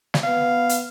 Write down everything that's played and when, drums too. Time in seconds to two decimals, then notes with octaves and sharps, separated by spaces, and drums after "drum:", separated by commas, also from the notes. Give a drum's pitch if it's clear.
0.14 drum: snare
0.23 B3 F5
0.69 drum: hi-hat